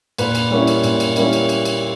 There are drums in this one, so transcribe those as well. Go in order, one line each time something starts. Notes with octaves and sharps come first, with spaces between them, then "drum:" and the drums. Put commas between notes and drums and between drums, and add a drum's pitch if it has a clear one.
A#2 B4, drum: cymbal
drum: cymbal
G3 A#3 C#4 E4 C#5
drum: cymbal
A#2, drum: cymbal
drum: cymbal
G3 A#3 C#4 E4, drum: cymbal
drum: cymbal
drum: cymbal
drum: cymbal